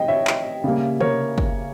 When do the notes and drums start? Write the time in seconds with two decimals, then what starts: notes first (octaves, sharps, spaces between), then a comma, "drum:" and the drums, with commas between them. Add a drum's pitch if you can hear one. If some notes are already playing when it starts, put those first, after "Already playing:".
Already playing: D#5 G5
0.08 C#5 E5
0.27 drum: clap
0.64 C#3 G3 A#3
1.00 A#4 C#5, drum: tom C3
1.38 drum: kick